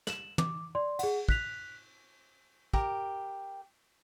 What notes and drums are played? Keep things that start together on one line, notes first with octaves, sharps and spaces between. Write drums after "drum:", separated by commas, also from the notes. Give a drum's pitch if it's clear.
E7 F#7, drum: snare
D6, drum: tom
D5 C6
G#4 F#5, drum: cymbal
F#6 B6 F7, drum: kick
G4 A#4, drum: kick